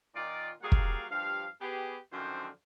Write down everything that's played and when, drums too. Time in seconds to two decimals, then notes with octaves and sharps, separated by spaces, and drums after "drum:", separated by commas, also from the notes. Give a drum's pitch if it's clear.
0.15 A#2 D#3 D#4 F4 D5
0.62 F#3 G3 A#3 G#4 D5 F5
0.72 drum: kick
1.11 G2 F3 G4 F5
1.61 B3 G4 G#4
2.13 F#2 D3 D#3 F3 C4 C5